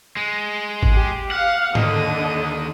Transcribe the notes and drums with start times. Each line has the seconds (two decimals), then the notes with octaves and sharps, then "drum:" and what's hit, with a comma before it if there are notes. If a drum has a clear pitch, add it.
0.17 G#3
0.83 drum: kick G#1
0.93 G4
1.31 F5 F#5
1.75 D3 D#3 A#3 D4 D#5 D#6, drum: tom G#2